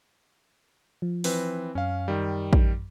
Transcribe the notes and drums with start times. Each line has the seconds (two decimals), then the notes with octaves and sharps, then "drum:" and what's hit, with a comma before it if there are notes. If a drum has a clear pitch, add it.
1.02 F3
1.24 E3 C4 B4, drum: open hi-hat
1.75 F#2 C#4 F5
2.08 D#3 G3
2.53 drum: kick